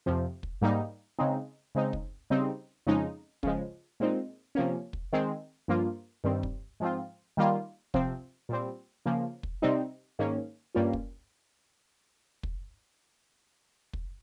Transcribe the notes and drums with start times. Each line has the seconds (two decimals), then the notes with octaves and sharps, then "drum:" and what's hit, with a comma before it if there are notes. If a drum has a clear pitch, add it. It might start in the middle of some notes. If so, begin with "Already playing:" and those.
0.06 F2 C3 F3
0.43 drum: kick
0.61 G#2 G3 A#3 D#4
1.19 C#3 G#3 C4 D#4
1.75 C#3 G#3 C4 D#4
1.93 drum: kick
2.30 C#3 G3 C4 D#4
2.87 F2 C#3 G#3 D#4
3.43 C#3 F3 G#3, drum: kick
4.00 A#2 G#3 C4 D#4
4.55 C3 F3 A#3 C#4
4.93 drum: kick
5.13 D#3 G#3 C4
5.68 G2 F3 A#3 F4
6.24 G2 D#3 G3 C4
6.43 drum: kick
6.80 G#2 F3 C4 F4
7.37 D#3 G3 A#3 F4
7.94 C3 F3 C4, drum: kick
8.49 A#2 G3 C4
9.06 C#3 F3 A#3
9.43 drum: kick
9.62 C3 G3 C4 D#4
10.19 G#2 D#3 A#3 C#4
10.75 G2 G3 A#3 C#4 F4
10.93 drum: kick
12.43 drum: kick
13.93 drum: kick